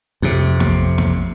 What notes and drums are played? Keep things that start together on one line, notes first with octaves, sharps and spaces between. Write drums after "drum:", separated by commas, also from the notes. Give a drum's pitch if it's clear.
F2 C3
drum: snare
drum: snare